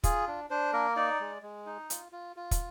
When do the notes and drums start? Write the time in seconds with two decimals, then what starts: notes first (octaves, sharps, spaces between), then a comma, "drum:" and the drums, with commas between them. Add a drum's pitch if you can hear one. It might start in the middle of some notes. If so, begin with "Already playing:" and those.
0.04 F4 G#4, drum: kick, hi-hat
0.27 D4
0.50 D4 C5
0.73 A#3 A#4
0.96 D#4 D5
1.20 G#3
1.42 G#3
1.66 D#4
1.90 F4, drum: hi-hat
2.12 F4
2.36 F4
2.51 drum: kick, hi-hat